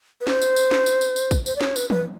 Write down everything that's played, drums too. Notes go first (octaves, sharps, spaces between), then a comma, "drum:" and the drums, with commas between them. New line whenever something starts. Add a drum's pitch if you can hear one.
B4
C5, drum: snare
drum: tambourine
drum: tambourine
drum: snare
drum: tambourine
drum: tambourine
drum: tambourine
drum: kick, tambourine
C5, drum: tambourine
D5
C#5, drum: snare
B4, drum: tambourine
B4, drum: tom E3